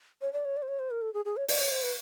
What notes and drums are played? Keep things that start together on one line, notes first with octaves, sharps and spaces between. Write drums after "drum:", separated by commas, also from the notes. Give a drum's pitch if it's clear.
C#5
D5
C#5
D5
C5
C#5
C5
A#4
A4
G#4
G#4
C#5
D5, drum: open hi-hat
C#5
C5
B4